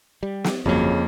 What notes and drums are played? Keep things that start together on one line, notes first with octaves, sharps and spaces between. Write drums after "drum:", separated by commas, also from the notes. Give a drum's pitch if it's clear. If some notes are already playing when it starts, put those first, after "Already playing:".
G3
drum: snare
G1 F2 C#3 F#3 A#3